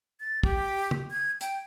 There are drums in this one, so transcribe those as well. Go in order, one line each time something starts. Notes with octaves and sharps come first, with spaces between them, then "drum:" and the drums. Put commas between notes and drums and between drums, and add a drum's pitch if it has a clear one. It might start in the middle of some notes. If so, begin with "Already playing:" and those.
A6
G4, drum: kick
drum: tom
G#6
G5, drum: hi-hat